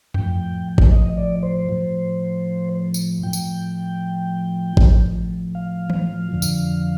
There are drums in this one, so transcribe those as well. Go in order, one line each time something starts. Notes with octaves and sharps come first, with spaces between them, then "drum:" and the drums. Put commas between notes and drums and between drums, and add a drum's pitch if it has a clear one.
A2 F3 G5, drum: tom F2
drum: kick G#1
D#5
D5
C5
A2 F3
drum: tambourine
A2 F3 G5
drum: tambourine
A2 F3, drum: kick G#1
F5
drum: tom E3
F2 D3 F3
drum: tambourine